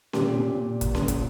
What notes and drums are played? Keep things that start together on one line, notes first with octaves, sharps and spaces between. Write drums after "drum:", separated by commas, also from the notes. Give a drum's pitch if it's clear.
A#2 G4, drum: snare C#4
A#2
A#2
drum: kick, hi-hat
drum: snare C#4
drum: kick, hi-hat